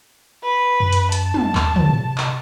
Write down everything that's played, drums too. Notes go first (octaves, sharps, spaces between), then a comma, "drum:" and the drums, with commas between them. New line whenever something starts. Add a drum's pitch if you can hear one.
B4
F#2
drum: hi-hat
A5, drum: hi-hat
drum: tom
D#2, drum: clap
drum: tom
C3
drum: clap